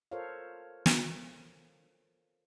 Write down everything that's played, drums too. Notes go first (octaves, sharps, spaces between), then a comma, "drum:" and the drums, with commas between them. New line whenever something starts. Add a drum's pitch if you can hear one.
F4 A4 A#4 C5 C#5 F5
drum: snare